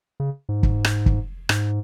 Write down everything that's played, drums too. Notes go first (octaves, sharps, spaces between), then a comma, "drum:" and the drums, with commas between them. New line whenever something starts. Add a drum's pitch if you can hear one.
C#3
G#2
drum: kick
drum: rim click
drum: kick
G#2, drum: rim click